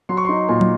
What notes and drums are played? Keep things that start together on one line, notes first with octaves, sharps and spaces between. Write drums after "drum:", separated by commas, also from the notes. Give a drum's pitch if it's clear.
F#3 C6
C#6
C6
D#4
A#2 C6
drum: tom